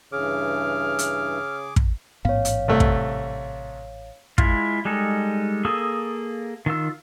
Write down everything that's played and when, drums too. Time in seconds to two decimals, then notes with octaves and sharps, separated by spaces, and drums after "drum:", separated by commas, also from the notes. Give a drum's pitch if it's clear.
0.12 G2 C#3 E3 G#4 D6 F6
0.99 drum: hi-hat
1.76 drum: kick
2.25 A1 G#2 B3 C#5 F5
2.45 drum: hi-hat
2.68 C2 A3
2.80 drum: kick
4.38 G#3 E4 F4, drum: kick
4.85 G3 G#3 D#4 A4
5.65 A#3 G#4 A4 D#6 E6
6.66 D#3 F4 E6